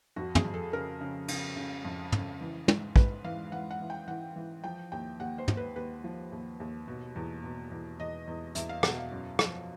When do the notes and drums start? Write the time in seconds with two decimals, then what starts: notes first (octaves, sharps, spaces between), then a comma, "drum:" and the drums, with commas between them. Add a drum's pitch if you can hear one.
0.16 F2 F#4
0.35 G#4, drum: tom
0.45 F2
0.54 A4
0.73 C#3 A#4
1.01 C#3
1.28 C#3, drum: cymbal
1.56 C#3
1.85 F2
2.12 C#3, drum: tom
2.41 E3
2.68 G#2, drum: tom
2.96 G#2 B4, drum: kick
3.24 E3 F5
3.52 E3 F#5
3.71 F#5
3.80 E3
3.90 G5
4.08 E3 F#5
4.36 E3
4.64 F3 G5
4.92 D#2 G5
5.20 D#2 F#5
5.38 C5
5.48 D#2, drum: tom
5.57 B4
5.76 D#2 B4
6.04 F3
6.32 D#2
6.60 D#2
6.88 B2
7.16 E2
7.44 B2
7.71 E2
7.99 E2 D#5
8.27 E2
8.55 E2 E5, drum: hi-hat
8.69 F5
8.83 B2 F#5, drum: rim click
8.97 F5
9.11 F#2
9.39 F3, drum: rim click